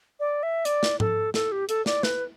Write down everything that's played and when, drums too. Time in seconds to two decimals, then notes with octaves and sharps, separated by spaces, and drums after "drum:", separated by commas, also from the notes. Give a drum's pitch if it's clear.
0.20 D5
0.43 E5
0.65 D5, drum: hi-hat
0.83 drum: snare
1.00 A4, drum: tom G#2
1.34 A4, drum: snare
1.52 G4
1.69 A4, drum: hi-hat
1.86 D5, drum: snare
2.03 B4, drum: snare